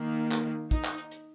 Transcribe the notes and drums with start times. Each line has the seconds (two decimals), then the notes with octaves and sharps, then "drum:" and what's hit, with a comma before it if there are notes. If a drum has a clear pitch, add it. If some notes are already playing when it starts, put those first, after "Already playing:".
Already playing: D#3 A#3
0.32 drum: clap
0.71 D#4, drum: kick, hi-hat
0.85 drum: clap
0.98 drum: hi-hat
1.11 drum: hi-hat